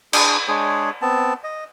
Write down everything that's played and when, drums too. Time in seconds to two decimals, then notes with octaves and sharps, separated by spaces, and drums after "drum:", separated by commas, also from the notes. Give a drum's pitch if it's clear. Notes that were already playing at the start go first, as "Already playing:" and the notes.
0.13 D4 G#4, drum: cymbal
0.48 G#3 D4 G#4 C#5
1.02 B3 C4 A5
1.44 D#5